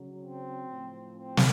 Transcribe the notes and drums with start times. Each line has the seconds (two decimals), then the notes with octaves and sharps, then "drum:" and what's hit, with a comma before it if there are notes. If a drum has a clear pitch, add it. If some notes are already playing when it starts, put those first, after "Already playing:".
Already playing: C#3 F#3
0.22 C4
0.68 A2 F3
1.14 C4
1.37 drum: snare